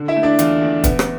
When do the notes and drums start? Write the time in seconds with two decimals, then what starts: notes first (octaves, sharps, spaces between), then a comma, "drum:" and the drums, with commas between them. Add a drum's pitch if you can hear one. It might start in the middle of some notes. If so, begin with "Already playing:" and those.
Already playing: D3
0.08 E4 E5
0.16 A3
0.23 D4 D5
0.39 E2 F4, drum: hi-hat
0.61 E2
0.84 B3, drum: kick, hi-hat
0.99 drum: rim click